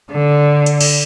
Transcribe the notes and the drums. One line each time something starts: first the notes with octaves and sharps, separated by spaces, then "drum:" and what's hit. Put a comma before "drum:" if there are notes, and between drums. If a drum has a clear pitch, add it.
D3
drum: hi-hat
drum: cymbal